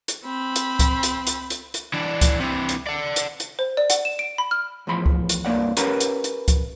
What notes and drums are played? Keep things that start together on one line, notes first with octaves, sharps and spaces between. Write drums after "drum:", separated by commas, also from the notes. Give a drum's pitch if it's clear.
drum: hi-hat
C4 B5
drum: hi-hat
drum: kick C#2, hi-hat
drum: hi-hat
drum: hi-hat
drum: hi-hat
drum: hi-hat
E3 D4
drum: kick C#2, hi-hat
C3 E3
drum: hi-hat
D5 F#5
drum: hi-hat
drum: hi-hat
C5
D5
F#5, drum: hi-hat
E7
D7
B5
F6
E2 A2 F3 B5 C6
drum: kick C#2
drum: hi-hat
C2 G2 A#3 D5 F#5
C#4 G4 A#4 B4 F#5 A#5, drum: hi-hat
drum: hi-hat
drum: hi-hat
drum: kick C#2, hi-hat